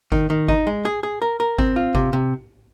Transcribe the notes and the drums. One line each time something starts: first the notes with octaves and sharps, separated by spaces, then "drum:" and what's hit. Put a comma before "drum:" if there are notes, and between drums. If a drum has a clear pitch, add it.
D#3, drum: kick G1
D#3
D#4, drum: kick G1
G#3
G#4
G#4
A#4
A#4
C4, drum: kick G1
F4
C3, drum: kick G1
C3